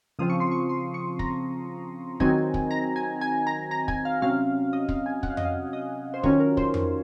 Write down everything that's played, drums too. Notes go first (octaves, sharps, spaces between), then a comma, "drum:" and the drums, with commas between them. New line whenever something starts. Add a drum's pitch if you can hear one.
C#3 F3 C4 D#6
C#6
C6
C#6
C6
C#6
A#5, drum: kick
D#3 F#3 C4 D#4 G#5, drum: kick
drum: kick
A#5
G#5
G#5
A#5
A#5
G#5, drum: kick
F5
C3 F#3 C#4 F5
D#5
F5, drum: kick
G#5
F#5, drum: kick
F5
D#5, drum: tom F2
F5
D#5
C5
D#3 F#3 C#4 F4 C#5, drum: kick
A#4
C5, drum: kick
drum: tom F2